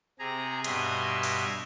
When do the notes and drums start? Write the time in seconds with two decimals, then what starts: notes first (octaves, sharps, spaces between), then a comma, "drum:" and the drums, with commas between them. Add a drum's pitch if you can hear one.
0.19 C3 G#4 A#5
0.64 G2 B2 D#5 E5 C6 G#6, drum: hi-hat
1.23 drum: open hi-hat